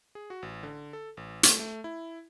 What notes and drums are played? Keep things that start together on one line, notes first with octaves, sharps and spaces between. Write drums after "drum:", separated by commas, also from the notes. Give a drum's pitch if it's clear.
G#4
F#4
A1
D3
A4
A1
A3, drum: hi-hat
A3
E4